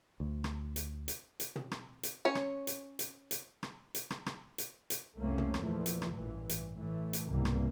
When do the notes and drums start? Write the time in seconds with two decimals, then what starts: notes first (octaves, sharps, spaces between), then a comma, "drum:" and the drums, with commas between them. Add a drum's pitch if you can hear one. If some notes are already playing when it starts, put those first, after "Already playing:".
0.20 D2
0.44 drum: rim click
0.76 drum: hi-hat
1.08 drum: hi-hat
1.40 drum: hi-hat
1.56 drum: tom
1.71 drum: rim click
2.03 drum: hi-hat
2.25 C#4 C#5
2.35 drum: rim click
2.67 drum: hi-hat
2.99 drum: hi-hat
3.31 drum: hi-hat
3.63 drum: rim click
3.95 drum: hi-hat
4.10 drum: rim click
4.26 drum: rim click
4.58 drum: hi-hat
4.90 drum: hi-hat
5.17 C2 F2 A3 A#3 C#4
5.38 drum: tom
5.54 drum: rim click
5.63 E2 A#2 E3 F3 A3
5.86 drum: hi-hat
6.02 drum: rim click
6.13 A1 G2 A#2 E3
6.49 drum: hi-hat
6.75 A2 E3 A3
7.13 drum: hi-hat
7.29 C2 G#2 B2 E3 G3 A#3
7.45 drum: rim click